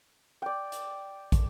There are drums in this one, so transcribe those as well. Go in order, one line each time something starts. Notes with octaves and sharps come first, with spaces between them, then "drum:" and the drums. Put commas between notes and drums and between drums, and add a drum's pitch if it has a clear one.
D5 G5
drum: hi-hat
drum: kick, hi-hat